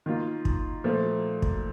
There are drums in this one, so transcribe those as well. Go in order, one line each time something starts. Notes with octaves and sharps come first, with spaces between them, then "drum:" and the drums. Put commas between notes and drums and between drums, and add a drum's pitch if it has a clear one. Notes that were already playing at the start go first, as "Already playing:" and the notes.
D#3 A#3 F4
drum: kick
A#2 F3 A3
drum: kick